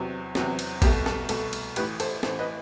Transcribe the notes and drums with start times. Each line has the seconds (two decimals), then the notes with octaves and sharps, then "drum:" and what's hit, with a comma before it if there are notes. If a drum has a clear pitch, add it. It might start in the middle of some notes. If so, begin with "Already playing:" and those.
Already playing: E2 C3 F#3
0.35 E2 C3 F#3, drum: snare
0.59 drum: cymbal
0.82 C2 B2 A3 G4, drum: kick A1, cymbal
1.06 A4, drum: snare
1.29 C2 B2 A3 A4, drum: cymbal
1.53 drum: cymbal
1.76 A1 A2 E3 G4 B4, drum: cymbal
2.00 A4 C5, drum: cymbal
2.23 A1 A2 E3 A4 C5, drum: snare
2.39 B4 D#5